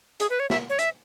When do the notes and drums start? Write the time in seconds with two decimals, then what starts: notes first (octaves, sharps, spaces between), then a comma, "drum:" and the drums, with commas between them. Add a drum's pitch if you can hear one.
0.20 G#4, drum: hi-hat
0.30 B4
0.40 C#5
0.50 E5, drum: snare
0.70 C#5
0.79 E5, drum: hi-hat